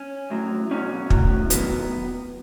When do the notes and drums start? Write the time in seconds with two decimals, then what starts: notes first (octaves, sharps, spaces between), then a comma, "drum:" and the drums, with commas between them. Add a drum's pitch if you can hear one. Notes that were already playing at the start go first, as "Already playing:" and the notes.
Already playing: C#4
0.31 A2 F#3
0.71 E2 B2 F#3 C#4
1.10 A2 F#3, drum: kick
1.50 D#3 F#3 B3, drum: hi-hat